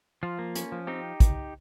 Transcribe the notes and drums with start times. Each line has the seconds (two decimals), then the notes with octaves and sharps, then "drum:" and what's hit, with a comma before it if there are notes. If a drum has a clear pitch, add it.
0.23 F3 F4
0.39 A#3
0.55 C#4, drum: hi-hat
0.72 F3
0.87 C4 D#4 G4
1.20 drum: kick, hi-hat